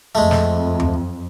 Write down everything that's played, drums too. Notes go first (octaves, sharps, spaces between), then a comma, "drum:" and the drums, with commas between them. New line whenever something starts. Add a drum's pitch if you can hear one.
F2 G#3 A3
drum: snare
drum: tom D#2